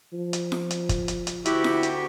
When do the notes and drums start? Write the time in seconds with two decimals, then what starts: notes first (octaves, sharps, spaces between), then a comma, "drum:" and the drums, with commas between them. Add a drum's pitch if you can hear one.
0.13 F3
0.33 drum: hi-hat
0.52 drum: snare F4
0.71 drum: hi-hat
0.89 drum: kick, hi-hat
1.08 drum: hi-hat
1.27 drum: hi-hat
1.46 D2 E4 F#4 G4, drum: hi-hat
1.64 drum: snare F4
1.83 drum: hi-hat